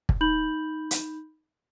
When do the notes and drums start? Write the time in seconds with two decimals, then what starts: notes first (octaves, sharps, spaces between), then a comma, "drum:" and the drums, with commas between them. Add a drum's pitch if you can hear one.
0.09 drum: kick
0.21 D#4 B5 G6 F#7
0.91 drum: hi-hat